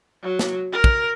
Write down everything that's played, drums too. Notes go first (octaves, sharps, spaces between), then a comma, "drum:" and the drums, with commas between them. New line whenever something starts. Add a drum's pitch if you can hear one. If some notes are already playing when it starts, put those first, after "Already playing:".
F#3
drum: snare
A#4
drum: kick